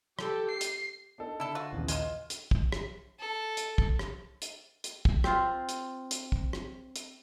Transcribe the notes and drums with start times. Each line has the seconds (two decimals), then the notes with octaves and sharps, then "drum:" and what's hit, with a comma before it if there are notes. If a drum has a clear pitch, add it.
0.19 G4 A4, drum: rim click
0.51 C7
0.61 drum: hi-hat
1.18 D4 D#4 A4
1.40 D3 E4 A4
1.55 F4 F#4
1.73 A#1 D#2 C#3 E3 F3
1.88 G#3 F4 C6 F6 E7, drum: hi-hat
2.30 drum: hi-hat
2.51 drum: kick
2.72 drum: rim click
3.20 A4
3.57 drum: hi-hat
3.78 drum: kick
3.99 drum: rim click
4.42 drum: hi-hat
4.84 drum: hi-hat
5.05 drum: kick
5.24 C4 F4, drum: rim click
5.69 drum: hi-hat
6.11 drum: hi-hat
6.32 drum: kick
6.53 drum: rim click
6.96 drum: hi-hat